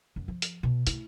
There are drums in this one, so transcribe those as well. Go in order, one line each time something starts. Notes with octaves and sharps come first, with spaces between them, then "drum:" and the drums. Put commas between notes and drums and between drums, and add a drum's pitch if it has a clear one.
F#2
F3
drum: hi-hat
B2
A3 E4, drum: hi-hat